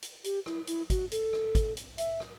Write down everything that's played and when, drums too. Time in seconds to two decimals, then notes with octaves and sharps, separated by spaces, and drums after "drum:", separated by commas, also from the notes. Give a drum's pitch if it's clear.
0.02 drum: hi-hat
0.24 G4, drum: hi-hat
0.46 E4, drum: rim click
0.67 E4, drum: hi-hat
0.90 F#4, drum: kick, hi-hat
1.11 A4, drum: hi-hat
1.33 drum: rim click
1.55 drum: kick, hi-hat
1.77 drum: hi-hat
1.98 E5, drum: hi-hat
2.20 drum: rim click